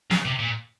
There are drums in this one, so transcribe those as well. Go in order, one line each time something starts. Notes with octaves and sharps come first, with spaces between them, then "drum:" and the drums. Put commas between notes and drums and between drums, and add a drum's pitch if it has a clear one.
C#3, drum: snare
C3
A#2